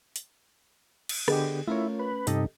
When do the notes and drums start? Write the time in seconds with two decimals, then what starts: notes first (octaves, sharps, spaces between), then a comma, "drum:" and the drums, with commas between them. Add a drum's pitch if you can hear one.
0.16 drum: hi-hat
1.09 drum: cymbal
1.28 D3 B3 G4 G#4 D#5, drum: rim click
1.68 A3 C#4 E4 F4 A#4 C#5
1.99 B4
2.27 G2 C3 D#4 G4 A4 D#5, drum: hi-hat